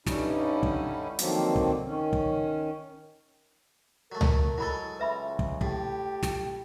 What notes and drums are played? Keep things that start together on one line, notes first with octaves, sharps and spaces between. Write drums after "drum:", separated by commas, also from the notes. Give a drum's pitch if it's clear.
G2 D3 G3 C#4 D#4 E4, drum: snare
drum: kick
D3 D#3 F3 F#3 A#3 C4, drum: hi-hat
drum: kick
D#3 C#4
drum: kick
F#3 A3 A#4
drum: tom C#2
F#3 G#3 E4 A4 B5 C#6
C#2 B4 E5 B5
drum: kick
A2 G4, drum: kick
drum: snare